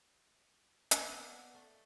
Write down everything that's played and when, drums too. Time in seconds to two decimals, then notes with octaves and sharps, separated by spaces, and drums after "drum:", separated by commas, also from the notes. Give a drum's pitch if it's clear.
0.91 B3 D5 D#5 F5, drum: hi-hat
1.54 A3